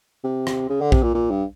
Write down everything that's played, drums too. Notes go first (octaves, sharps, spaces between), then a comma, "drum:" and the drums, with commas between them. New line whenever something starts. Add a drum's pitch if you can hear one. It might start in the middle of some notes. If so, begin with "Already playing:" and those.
C3
drum: rim click
C#3
D3
C3, drum: kick A#1
A#2
A#2
G2